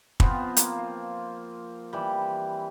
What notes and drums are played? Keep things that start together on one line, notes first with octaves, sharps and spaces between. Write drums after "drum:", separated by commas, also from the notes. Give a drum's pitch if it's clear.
F3 B3 C4 F4, drum: kick
A#3, drum: hi-hat
F4
E3 G3